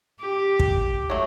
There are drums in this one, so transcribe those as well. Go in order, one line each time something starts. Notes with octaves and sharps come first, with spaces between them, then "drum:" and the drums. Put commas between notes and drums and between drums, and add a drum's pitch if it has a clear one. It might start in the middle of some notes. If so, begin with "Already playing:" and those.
G4
drum: kick
F#3 A3